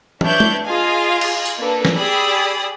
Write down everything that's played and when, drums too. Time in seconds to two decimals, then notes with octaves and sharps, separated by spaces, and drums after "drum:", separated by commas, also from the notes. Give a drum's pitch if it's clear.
0.21 D4 B4 C#5 E5 G6, drum: tom
0.40 drum: tom
0.65 F4 G#4 D#5 F5 G#5
1.21 drum: cymbal
1.45 drum: tambourine
1.60 A#3 D4 A4 B4
1.85 drum: snare
1.95 G4 G#4 D5 B5 D#6 E6